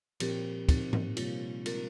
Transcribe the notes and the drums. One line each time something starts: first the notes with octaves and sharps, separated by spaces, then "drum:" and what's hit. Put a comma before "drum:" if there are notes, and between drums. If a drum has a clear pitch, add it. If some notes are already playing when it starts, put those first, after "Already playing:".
A#2 F3 C4 G4 A#4, drum: cymbal
A#2 F3 C4 D#4, drum: kick, cymbal
drum: tom G#2
C3 G3 A#3 F4, drum: cymbal
G#3 C4 F4 A#4, drum: cymbal